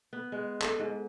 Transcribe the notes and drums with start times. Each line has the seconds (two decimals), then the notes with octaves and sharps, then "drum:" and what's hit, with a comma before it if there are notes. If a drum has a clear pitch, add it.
0.13 B3
0.32 G#3
0.61 A4, drum: clap
0.80 G#2